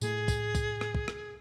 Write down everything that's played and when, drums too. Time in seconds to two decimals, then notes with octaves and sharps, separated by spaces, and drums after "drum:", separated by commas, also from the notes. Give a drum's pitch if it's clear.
0.01 A2 A3 G#4, drum: tambourine
0.28 drum: kick, tambourine
0.55 drum: kick, tambourine
0.81 drum: rim click
0.95 drum: kick
1.08 drum: rim click